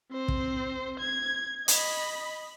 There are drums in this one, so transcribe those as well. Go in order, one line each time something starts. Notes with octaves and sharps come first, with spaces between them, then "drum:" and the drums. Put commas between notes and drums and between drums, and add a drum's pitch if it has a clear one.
C4 C5
drum: kick
G#6
D#5 B5, drum: hi-hat